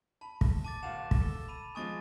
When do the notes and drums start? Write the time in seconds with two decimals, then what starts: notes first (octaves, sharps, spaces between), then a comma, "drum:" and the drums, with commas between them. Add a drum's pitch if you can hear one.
0.21 A5 B5
0.41 drum: kick
0.64 A5 D6 A6
0.83 D1 F5 F#5 E7
1.11 drum: kick
1.22 A4
1.48 B5 D#7
1.75 F3 G#3 G#5 C#6 D#6 A6